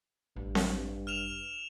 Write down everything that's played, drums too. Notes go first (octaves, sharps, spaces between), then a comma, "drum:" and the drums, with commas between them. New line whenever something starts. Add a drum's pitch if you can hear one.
A1 G2
drum: snare C4
F6 E7 F7